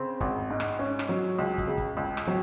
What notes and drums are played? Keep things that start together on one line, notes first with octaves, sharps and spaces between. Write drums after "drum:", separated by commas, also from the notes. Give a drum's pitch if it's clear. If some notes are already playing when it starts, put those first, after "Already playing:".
Already playing: C#3 C4
G#1, drum: kick
G#2
drum: rim click
C#4
drum: rim click
F#3
C#2
drum: kick
C#3
drum: kick
C#2
drum: rim click
F#3